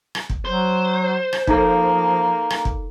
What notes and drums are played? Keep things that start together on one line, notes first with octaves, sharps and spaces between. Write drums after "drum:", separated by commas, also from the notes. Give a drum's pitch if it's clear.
drum: rim click
drum: kick
F#3 C5
drum: rim click
F3 A#3 D#4 A4, drum: kick
drum: rim click
drum: kick